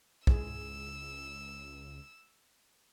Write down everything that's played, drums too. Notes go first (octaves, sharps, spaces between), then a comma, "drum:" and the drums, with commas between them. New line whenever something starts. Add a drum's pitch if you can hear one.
C#2 G#3 E4 G#4 E6, drum: kick